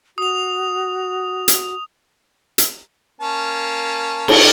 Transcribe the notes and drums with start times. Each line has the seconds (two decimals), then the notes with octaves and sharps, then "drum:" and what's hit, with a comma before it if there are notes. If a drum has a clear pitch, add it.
0.18 F#4 D#6 F7
1.48 drum: hi-hat
2.58 drum: hi-hat
3.21 A#3 C#4 A5
4.28 drum: cymbal